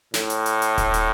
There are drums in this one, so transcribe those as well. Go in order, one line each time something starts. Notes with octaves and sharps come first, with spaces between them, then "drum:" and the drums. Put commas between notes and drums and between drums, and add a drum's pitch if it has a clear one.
A2, drum: snare
drum: hi-hat
drum: hi-hat
drum: hi-hat
drum: kick D#1, hi-hat
drum: hi-hat